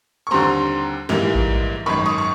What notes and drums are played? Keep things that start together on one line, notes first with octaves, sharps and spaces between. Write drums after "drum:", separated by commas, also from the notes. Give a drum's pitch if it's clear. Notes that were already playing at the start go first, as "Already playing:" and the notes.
C#6
D#2 D3 G3 C4 A#5 C6
A#1 G#2 E3 G3 A#3, drum: snare
drum: kick A1
G#1 F#2 D#3 B5 C#6
C#6 D#6
C#6